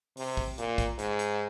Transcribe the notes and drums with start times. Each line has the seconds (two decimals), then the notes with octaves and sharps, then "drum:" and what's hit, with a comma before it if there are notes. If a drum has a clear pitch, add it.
0.17 C3, drum: open hi-hat
0.37 drum: kick
0.58 A#2, drum: hi-hat
0.78 drum: kick, hi-hat
0.99 G#2, drum: hi-hat
1.19 drum: hi-hat